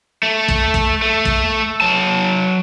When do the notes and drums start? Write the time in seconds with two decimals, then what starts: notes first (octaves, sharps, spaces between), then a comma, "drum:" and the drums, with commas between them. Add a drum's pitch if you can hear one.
0.23 A3
0.48 drum: kick
0.74 drum: kick
1.02 A3
1.25 drum: kick
1.81 F#3 A5